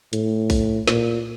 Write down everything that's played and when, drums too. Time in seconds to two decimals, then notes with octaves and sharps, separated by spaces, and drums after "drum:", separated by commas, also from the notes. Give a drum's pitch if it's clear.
0.13 A2, drum: hi-hat
0.50 drum: kick B1, open hi-hat
0.88 A#2, drum: snare